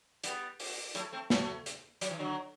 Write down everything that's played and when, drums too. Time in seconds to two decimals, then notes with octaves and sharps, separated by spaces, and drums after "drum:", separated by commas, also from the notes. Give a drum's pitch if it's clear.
0.24 G3 B3, drum: hi-hat
0.60 drum: open hi-hat
0.95 F#3 A3, drum: hi-hat
1.13 A3 C4
1.30 F#3 A3, drum: snare
1.66 drum: hi-hat
2.01 F#3, drum: hi-hat
2.11 E3
2.19 D3 F#3